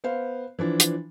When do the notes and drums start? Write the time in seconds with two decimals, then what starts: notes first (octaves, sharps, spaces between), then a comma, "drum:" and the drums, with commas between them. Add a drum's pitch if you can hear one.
0.04 B3 C5 F5
0.59 E3 F3 D4
0.80 drum: hi-hat